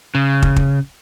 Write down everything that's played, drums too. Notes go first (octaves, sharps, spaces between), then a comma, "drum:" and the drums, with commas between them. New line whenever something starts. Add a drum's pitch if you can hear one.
C#3
drum: kick
drum: kick